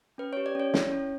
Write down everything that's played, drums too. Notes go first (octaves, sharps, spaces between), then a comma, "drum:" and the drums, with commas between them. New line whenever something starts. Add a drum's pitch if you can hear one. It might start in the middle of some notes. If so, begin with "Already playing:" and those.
C#4 B4
G4 C#5
D5
C#4 C#5
E4, drum: snare
C#4